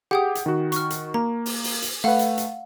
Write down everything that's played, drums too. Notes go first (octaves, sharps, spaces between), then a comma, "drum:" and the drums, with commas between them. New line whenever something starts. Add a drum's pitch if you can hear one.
G4 G#4 F#5 G5 D#6
drum: hi-hat
D#3 F#4
C#6 F6, drum: hi-hat
drum: hi-hat
A#3 A#5
drum: open hi-hat
drum: open hi-hat
drum: hi-hat
A3 B4 F5 F#5
drum: hi-hat
drum: hi-hat